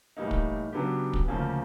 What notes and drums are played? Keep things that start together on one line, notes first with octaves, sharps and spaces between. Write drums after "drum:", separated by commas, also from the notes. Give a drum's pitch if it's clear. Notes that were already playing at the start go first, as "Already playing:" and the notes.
A2 E3 G3 A#3 D#4
drum: kick
C#3 F#3 B3 D4 G4
drum: kick
D2 C#3 F3 A#3 C#4